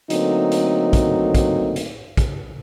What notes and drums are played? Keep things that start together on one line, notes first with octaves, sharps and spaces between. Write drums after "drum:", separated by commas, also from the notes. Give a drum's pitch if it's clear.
D3 F#3 A3 A#3 C4 D#4, drum: hi-hat
drum: hi-hat
drum: kick, hi-hat
drum: kick, hi-hat
drum: hi-hat
drum: kick, hi-hat